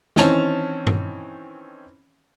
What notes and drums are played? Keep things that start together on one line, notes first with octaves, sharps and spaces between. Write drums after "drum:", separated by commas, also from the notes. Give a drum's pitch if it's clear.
D#3 E3 C4 C#4 A5 F7, drum: snare
drum: tom G2